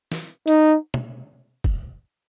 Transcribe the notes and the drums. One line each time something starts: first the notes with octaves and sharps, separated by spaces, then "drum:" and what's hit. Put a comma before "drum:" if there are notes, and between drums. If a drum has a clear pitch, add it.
drum: snare
D#4, drum: hi-hat
drum: tom
drum: kick